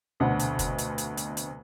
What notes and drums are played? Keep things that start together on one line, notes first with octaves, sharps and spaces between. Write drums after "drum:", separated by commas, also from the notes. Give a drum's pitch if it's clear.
F1 D2 B2 D3 C5 F#5
drum: hi-hat
drum: kick, hi-hat
drum: hi-hat
drum: hi-hat
drum: hi-hat
drum: hi-hat